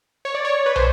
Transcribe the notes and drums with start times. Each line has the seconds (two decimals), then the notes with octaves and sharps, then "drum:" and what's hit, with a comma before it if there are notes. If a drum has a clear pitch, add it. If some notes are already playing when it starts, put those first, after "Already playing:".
0.25 C#5
0.34 D5
0.45 C#5
0.66 B4
0.76 C5, drum: tom